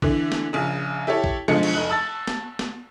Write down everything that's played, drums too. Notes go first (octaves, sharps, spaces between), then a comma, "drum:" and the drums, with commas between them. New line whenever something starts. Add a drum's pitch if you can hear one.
D3 E3, drum: kick
drum: snare
A#1 C#3
E4 G4 A4 C#5
drum: kick
B1 D3 F3 G#3 C#7
drum: cymbal
F1 D#4 F#6 F#7
A5 E6 A6
drum: snare
drum: snare